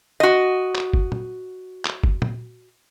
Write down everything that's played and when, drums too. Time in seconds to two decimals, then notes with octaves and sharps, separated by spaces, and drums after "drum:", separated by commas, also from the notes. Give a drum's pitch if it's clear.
0.20 F#4 D#5
0.75 drum: clap
0.94 drum: kick F#1
1.12 drum: tom
1.85 drum: clap
2.04 drum: kick F#1
2.22 drum: tom